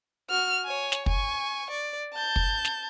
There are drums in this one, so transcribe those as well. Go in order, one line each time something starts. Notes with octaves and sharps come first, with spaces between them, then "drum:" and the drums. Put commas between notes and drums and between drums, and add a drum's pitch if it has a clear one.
F#4 F6
C#5 G#5
drum: snare
G#5 C#6, drum: kick
D5
A5 G6
drum: kick
drum: snare